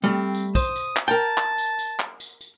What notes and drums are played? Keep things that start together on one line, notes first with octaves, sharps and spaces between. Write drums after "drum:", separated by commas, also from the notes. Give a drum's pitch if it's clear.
G3 A3 C4
drum: tambourine
C5 D#6, drum: kick, tambourine
drum: tambourine
drum: clap
A#4 G5 A5
drum: clap
drum: tambourine
drum: tambourine
drum: clap
drum: tambourine
drum: tambourine